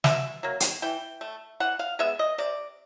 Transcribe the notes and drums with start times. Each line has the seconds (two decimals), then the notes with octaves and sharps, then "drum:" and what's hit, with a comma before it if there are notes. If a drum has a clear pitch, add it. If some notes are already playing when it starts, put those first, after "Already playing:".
0.04 B2 E5, drum: snare
0.43 F#3 A#3
0.60 drum: hi-hat
0.82 E3 G5
1.21 A3
1.60 E3 F#5
1.79 F5
1.99 G#3 B3 E5
2.19 D#5
2.38 C3 D5